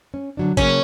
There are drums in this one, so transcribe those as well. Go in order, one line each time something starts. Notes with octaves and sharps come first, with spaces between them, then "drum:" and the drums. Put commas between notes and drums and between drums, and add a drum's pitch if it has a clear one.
C#4
D3 F#3 D4
C#3 F#3 A#3 C#4, drum: kick A1, hi-hat